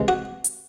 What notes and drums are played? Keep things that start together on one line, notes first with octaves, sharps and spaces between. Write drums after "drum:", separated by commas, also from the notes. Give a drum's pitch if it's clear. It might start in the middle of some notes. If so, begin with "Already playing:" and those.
Already playing: C2 C3 E3 G#3
F#4
drum: hi-hat